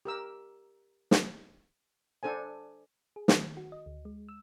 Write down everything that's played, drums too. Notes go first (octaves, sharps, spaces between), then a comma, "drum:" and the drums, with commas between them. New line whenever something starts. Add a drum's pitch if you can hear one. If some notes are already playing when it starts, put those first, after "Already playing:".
G4 A#4 E6
drum: snare
D4 A4 C5 G#5
G#4
D#3, drum: snare
F#4
D#5
D2
G#3
E6